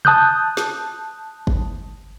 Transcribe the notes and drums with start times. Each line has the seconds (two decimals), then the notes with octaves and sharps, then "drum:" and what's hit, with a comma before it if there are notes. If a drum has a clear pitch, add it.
0.05 A5 D#6 F#6 G6, drum: tom C3
0.57 drum: snare
1.47 drum: kick G1